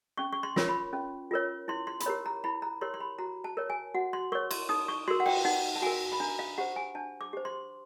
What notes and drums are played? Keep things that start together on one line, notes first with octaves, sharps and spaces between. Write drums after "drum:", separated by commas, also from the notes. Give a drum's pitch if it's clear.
C#4 C#6
C#6
C6
F4 A#4 C#5, drum: snare
B5
C#4
F4 A#4 C#5
E4 C6
C6
B5, drum: hi-hat
G4 A#4 C#5 A#5
A#5
E4 B5
A#5
G4 A#4 C#5 C6
C6
B5
F#4 A#5
A5
A#4 C#5
G#5
F#4 F#5
C6
A#4 C#5 C#6
C6, drum: cymbal
D#4 D#6
C#6
F#4 A#4 C6
F#5
G5, drum: cymbal
D#4 F#5
A5
F#4 A#4 G#5
B5
D4 A#5
F5
G4 C5 F#5
G#5
D4 A5
D6
G4 C5
C6